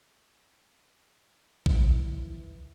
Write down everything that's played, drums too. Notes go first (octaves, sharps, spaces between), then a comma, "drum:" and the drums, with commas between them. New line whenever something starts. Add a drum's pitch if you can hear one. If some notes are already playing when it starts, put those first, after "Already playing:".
E3, drum: kick A#1